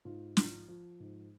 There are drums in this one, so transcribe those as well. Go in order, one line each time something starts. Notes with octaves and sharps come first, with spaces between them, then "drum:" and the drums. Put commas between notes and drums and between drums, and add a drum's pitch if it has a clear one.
G#2 F4
F3, drum: snare
F3
G#2